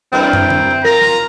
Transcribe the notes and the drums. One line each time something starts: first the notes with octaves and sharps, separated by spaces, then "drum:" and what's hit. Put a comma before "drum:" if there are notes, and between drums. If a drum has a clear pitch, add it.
F#2 C4 E4 A#4
drum: tom
drum: tom D3
F4 A#4 A#5 A#6
drum: snare